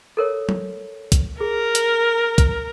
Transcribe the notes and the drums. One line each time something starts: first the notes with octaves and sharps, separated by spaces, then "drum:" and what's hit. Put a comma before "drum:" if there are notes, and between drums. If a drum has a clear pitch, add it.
A4 A#4 C#5
drum: tom F#3
drum: kick, hi-hat
G#4 A#4
drum: hi-hat
drum: kick, hi-hat